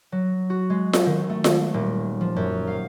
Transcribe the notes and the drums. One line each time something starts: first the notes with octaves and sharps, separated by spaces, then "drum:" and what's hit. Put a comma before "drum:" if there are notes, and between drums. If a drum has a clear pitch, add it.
F#3
F#4
G#3
drum: snare F4
D#3
A3
drum: snare F4
D#1
F3
F#2
F5